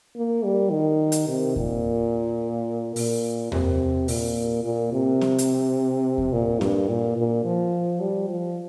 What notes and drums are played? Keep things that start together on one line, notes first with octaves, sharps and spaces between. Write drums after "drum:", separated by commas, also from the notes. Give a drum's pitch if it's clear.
A#3
G3
D#3
drum: hi-hat
C3
A#2, drum: kick E2
A#2, drum: open hi-hat
C3, drum: tom E2
A#2, drum: open hi-hat
A#2
C3
drum: snare C4
drum: hi-hat
drum: kick E2
A#2
G2, drum: snare C4
A#2
A#2
F3
G3
F3